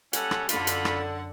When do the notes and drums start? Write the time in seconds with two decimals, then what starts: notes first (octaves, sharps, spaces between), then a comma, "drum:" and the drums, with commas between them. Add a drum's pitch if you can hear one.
0.13 G3 C#4 A4 F#5, drum: hi-hat
0.31 drum: rim click
0.49 F#2 D3 D4 F4 F#5 B5, drum: hi-hat
0.67 drum: hi-hat
0.85 drum: rim click